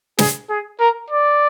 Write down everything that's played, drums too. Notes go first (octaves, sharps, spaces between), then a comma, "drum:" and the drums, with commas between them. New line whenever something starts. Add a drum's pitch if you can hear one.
G#4, drum: snare
G#4
A#4
D5